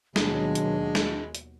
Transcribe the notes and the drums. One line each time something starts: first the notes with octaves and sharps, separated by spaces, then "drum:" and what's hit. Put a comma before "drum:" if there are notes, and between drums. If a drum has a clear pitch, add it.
D#2 B2 F#3 G#3 D4, drum: snare
drum: hi-hat
drum: snare
drum: hi-hat